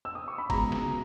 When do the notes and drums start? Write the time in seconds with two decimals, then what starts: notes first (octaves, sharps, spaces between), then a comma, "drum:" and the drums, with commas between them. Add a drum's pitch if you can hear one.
0.05 E6
0.15 D#6
0.28 C#6
0.38 B5
0.50 C#2 B2 G#3 A#5, drum: kick, cymbal
0.72 drum: snare